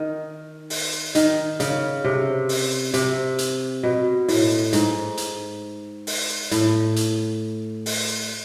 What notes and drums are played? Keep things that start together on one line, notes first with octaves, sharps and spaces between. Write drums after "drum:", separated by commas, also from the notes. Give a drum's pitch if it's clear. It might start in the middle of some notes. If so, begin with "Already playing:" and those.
Already playing: D#3
drum: open hi-hat
D#3, drum: hi-hat
C#3, drum: hi-hat
C3
drum: open hi-hat
C3, drum: hi-hat
drum: hi-hat
B2
A2, drum: open hi-hat
G#2, drum: hi-hat
drum: hi-hat
drum: open hi-hat
A2, drum: hi-hat
drum: hi-hat
drum: open hi-hat